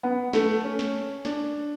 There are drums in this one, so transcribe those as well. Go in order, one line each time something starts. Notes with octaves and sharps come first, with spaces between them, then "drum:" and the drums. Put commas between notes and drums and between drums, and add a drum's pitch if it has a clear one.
B3
A3, drum: snare
C#4
drum: snare
D4, drum: snare